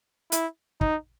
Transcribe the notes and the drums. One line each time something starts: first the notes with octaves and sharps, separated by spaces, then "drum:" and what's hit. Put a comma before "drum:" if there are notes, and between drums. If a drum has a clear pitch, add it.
E4, drum: hi-hat
D#4, drum: kick